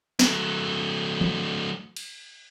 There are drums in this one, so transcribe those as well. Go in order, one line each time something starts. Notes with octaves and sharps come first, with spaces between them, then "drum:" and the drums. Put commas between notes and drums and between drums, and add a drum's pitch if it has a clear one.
F#3 A3, drum: snare
drum: tom E3
drum: cymbal